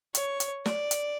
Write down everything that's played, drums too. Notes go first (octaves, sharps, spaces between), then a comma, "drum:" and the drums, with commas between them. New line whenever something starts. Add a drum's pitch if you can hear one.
C#5, drum: hi-hat
drum: hi-hat
D5, drum: snare
drum: hi-hat